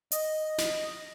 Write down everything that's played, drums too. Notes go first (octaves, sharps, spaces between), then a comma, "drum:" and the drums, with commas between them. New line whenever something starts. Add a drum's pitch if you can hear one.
D#5, drum: hi-hat
drum: snare